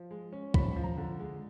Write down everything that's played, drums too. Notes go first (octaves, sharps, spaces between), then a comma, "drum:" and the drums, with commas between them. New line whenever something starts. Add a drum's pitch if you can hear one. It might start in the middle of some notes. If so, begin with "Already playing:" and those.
Already playing: F3
G#3
C#4
F3 B5, drum: kick
F3
A#5
D3
G#3